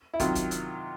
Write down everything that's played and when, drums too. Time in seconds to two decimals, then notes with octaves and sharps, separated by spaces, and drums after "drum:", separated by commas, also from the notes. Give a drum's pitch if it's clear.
0.14 E4
0.20 C3 D#3 F#3 F4, drum: kick, hi-hat
0.35 drum: kick, hi-hat
0.51 drum: hi-hat